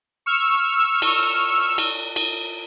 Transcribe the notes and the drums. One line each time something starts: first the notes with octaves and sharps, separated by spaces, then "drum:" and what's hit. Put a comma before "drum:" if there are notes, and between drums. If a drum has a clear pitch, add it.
C#6 E6 F6
drum: cymbal
drum: cymbal
drum: cymbal